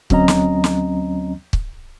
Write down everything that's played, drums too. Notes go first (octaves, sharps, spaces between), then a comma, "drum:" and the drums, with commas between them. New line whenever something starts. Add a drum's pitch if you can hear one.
D2 F#3 C4 C#4 D#5 A#5, drum: kick
drum: snare
drum: snare
drum: kick